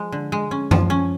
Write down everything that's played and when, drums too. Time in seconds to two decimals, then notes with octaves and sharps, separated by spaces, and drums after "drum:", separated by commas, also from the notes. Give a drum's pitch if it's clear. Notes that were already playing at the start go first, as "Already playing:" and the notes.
Already playing: F3 G#3
0.12 D3
0.32 G#3
0.51 C#4
0.71 F3, drum: tom F#2
0.90 C#4